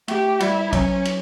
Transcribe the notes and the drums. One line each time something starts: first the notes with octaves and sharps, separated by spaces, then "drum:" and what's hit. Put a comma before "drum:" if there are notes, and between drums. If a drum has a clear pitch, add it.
A3 G4, drum: cymbal
G3 E4, drum: cymbal
F#3 C#4, drum: kick, cymbal
drum: cymbal